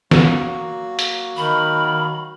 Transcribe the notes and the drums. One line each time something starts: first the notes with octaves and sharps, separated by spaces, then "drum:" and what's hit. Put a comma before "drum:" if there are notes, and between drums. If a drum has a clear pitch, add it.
F#3 A#3 F#4, drum: snare
drum: hi-hat
D#3 B5